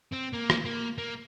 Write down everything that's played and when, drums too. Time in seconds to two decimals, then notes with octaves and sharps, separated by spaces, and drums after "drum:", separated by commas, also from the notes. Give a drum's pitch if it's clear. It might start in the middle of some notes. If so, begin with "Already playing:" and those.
0.13 C4
0.34 A#3
0.50 drum: rim click
0.65 A#3
0.98 A#3